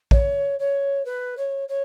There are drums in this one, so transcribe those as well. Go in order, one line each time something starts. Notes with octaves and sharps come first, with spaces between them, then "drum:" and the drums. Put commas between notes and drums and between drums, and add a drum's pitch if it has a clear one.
C#5, drum: kick A#1
C#5
B4
C#5
C#5